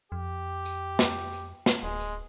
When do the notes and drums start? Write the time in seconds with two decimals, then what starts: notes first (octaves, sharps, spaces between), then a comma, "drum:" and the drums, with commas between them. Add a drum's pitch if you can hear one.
0.12 F2 G4
0.65 drum: tambourine
0.99 drum: snare
1.33 drum: tambourine
1.66 drum: snare
1.83 D1 G#3
2.00 drum: tambourine